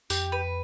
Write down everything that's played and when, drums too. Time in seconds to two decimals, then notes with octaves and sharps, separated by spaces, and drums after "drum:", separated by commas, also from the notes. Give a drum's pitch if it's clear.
0.10 F2 G4, drum: tambourine
0.32 B4